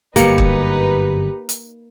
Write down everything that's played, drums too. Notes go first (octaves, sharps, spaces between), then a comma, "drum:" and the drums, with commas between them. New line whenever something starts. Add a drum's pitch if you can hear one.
G1 F#2 A#3 D#4 G4 B4 C#7, drum: hi-hat
drum: kick
drum: hi-hat